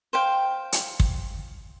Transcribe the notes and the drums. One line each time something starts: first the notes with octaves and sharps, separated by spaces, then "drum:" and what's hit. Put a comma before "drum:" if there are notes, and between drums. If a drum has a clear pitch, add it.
C5 F5 G5
drum: hi-hat
drum: kick